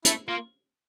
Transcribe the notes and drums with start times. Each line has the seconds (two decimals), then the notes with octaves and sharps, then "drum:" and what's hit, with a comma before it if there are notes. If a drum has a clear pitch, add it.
0.05 A3 E4, drum: hi-hat
0.28 A#3 F4